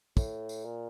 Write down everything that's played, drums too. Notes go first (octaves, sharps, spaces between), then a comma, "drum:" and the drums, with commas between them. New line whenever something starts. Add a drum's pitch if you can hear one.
A2, drum: kick, tambourine
drum: tambourine
A#2